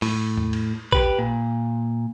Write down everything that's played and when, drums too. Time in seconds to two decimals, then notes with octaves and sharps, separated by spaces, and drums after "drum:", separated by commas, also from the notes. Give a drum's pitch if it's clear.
0.02 A2, drum: open hi-hat
0.37 drum: tom E2
0.53 drum: cymbal
0.92 G4 B4, drum: kick
1.19 A#2